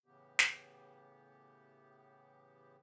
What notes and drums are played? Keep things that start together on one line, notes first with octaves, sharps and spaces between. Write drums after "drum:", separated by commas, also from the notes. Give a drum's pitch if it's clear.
A2 C#3 E3 B3 G4
drum: snare